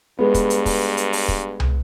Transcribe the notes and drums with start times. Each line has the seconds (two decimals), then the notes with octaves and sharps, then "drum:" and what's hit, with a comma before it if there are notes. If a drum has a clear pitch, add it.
0.19 G2 G#3 B3
0.34 drum: kick, hi-hat
0.50 drum: hi-hat
0.66 drum: kick, open hi-hat
0.97 drum: hi-hat
1.13 drum: open hi-hat
1.28 drum: kick
1.60 drum: tom C2